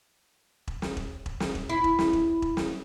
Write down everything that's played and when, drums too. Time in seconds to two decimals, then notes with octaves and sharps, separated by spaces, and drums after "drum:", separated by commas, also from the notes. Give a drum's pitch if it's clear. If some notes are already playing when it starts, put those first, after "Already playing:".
0.68 drum: kick E1
0.82 drum: snare
0.97 drum: kick E1
1.26 drum: kick E1
1.40 drum: snare
1.55 drum: kick E1
1.69 E4
1.84 drum: kick E1
1.99 drum: snare
2.13 drum: kick E1
2.42 drum: kick E1
2.57 drum: snare